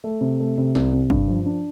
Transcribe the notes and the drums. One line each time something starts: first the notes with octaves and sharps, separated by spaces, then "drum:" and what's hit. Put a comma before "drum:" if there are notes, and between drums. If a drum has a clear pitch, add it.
A3
C3
A3
C3
C2, drum: snare
C3
G2, drum: kick
F3
D4